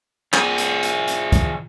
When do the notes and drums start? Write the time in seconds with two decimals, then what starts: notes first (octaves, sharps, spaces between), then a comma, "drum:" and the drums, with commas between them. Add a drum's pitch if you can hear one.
0.33 F3 G#4, drum: clap
0.58 drum: hi-hat
0.83 drum: hi-hat
1.08 drum: hi-hat
1.32 drum: kick, hi-hat